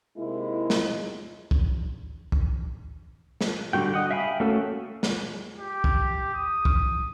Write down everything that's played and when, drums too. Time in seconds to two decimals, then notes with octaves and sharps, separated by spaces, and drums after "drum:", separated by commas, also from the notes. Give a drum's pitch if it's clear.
0.16 C3 G#3 A#3 D#4 E4
0.70 drum: snare
1.51 drum: kick
2.32 drum: kick
3.41 drum: snare
3.73 D3 G3 A3 F#4 G5
3.94 D#5 F#5
4.11 E5 F5 G5 G#5 B5
4.40 A3 A#3 C#4 F#4 A4
5.03 drum: snare
5.57 G4
5.84 drum: kick
6.34 D#6
6.65 drum: kick